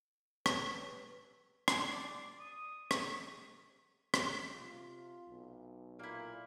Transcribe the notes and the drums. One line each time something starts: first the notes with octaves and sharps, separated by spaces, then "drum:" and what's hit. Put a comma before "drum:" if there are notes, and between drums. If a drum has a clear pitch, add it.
B4 C#5 E6, drum: rim click
drum: rim click
D5
D#6
drum: rim click
drum: rim click
C3 F4
B1
A#2 A#3 E4